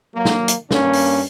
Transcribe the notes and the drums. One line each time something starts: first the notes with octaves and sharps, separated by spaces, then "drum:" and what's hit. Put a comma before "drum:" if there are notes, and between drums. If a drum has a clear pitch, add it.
F#3 A#3
drum: snare
drum: hi-hat
G2 A#3 C#4, drum: snare
drum: open hi-hat